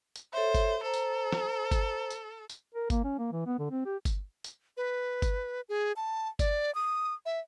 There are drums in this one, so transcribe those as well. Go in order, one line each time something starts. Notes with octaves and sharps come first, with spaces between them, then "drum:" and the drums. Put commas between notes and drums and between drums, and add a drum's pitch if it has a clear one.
drum: tambourine
A4 C5 C#5 E5
drum: kick G1, tambourine
A4 C5 A#5
drum: tambourine
drum: snare
drum: kick G1, tambourine
drum: tambourine
drum: tambourine
A#4
A#3, drum: kick G1, tambourine
C#4
A#3
E3
B3
D3
C4
G4
drum: kick G1, tambourine
drum: tambourine
B4
drum: kick G1, tambourine
G#4
A5
D5, drum: kick G1, tambourine
D#6
E5